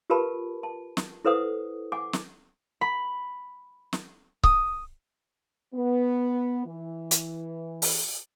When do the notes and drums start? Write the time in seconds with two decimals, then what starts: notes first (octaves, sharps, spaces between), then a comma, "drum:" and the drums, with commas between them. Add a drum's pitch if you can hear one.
0.10 F4 G4 A#4 B4 A5 B5
0.63 A5
0.97 drum: snare
1.25 E4 A4 B4 C5 F#5 D#6
1.92 F#5 G#5 D6
2.13 drum: snare
2.81 B5
3.93 drum: snare
4.44 D#6, drum: kick C#1
5.74 B3
6.66 E3
7.11 drum: hi-hat
7.82 drum: open hi-hat